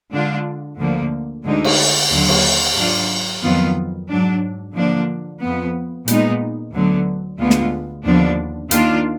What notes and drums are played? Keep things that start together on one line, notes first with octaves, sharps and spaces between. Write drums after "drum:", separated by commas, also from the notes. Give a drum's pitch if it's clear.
D3 G#3 D4 F4
D2 D3 F3 A#3
D2 D3 G#3 D#4
drum: cymbal
D#2 D3 F#3
drum: cymbal
G#2 F#3 D4 F4
F2 D#3 F#3 B3 F4
G#2 F#3 D4
D3 F3 A#3 D4
F2 F3 B3
A#2 G#3 B3 D#4, drum: hi-hat
D2 D3 F#3 B3
D2 D3 G#3 B3 F4
drum: snare
D#2 D3 F3 B3 D4
D#2 D#3 A#3 D4 F4, drum: hi-hat